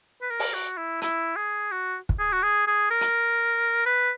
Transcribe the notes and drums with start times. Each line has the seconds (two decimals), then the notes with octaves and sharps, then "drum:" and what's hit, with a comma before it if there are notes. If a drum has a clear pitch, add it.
0.21 B4
0.30 A#4
0.39 drum: open hi-hat
0.54 F#4
0.77 E4
1.01 E4, drum: hi-hat
1.36 G#4
1.71 F#4
2.09 drum: kick
2.19 G#4
2.32 F#4
2.43 G#4
2.67 G#4
2.91 A#4
3.01 drum: hi-hat
3.86 B4